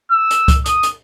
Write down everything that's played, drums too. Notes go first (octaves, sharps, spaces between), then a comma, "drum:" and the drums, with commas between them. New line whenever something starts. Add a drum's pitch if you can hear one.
E6
drum: hi-hat
drum: kick C#2, hi-hat
D#6, drum: hi-hat
drum: hi-hat